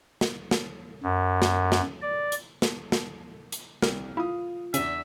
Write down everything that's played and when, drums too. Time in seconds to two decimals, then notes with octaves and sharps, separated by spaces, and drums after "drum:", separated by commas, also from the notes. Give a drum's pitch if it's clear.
0.21 drum: snare
0.51 drum: snare
1.03 F#2
1.42 drum: snare
1.72 drum: snare
2.02 D5
2.32 drum: hi-hat
2.62 drum: snare
2.92 drum: snare
3.52 drum: hi-hat
3.82 C2 A#4, drum: snare
4.17 E4 F4 F5 D#6
4.74 E2 C#3 C#4 D4 E5 D#7, drum: hi-hat